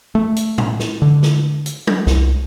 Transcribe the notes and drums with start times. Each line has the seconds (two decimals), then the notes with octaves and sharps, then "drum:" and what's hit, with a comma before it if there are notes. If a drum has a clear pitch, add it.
0.15 A3
0.36 drum: hi-hat
0.58 drum: tom A2
0.80 drum: snare
1.02 D3
1.23 drum: snare
1.66 drum: hi-hat
1.87 drum: tom F#3
2.07 C2, drum: snare